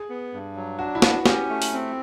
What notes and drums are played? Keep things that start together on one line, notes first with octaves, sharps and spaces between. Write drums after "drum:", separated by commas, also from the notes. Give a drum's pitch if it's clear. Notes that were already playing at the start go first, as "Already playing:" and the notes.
Already playing: G#4
B3
G2
F#3
D4 F#4
E4
B3, drum: snare
F#4
C#4 G4, drum: snare
A3
drum: open hi-hat
C4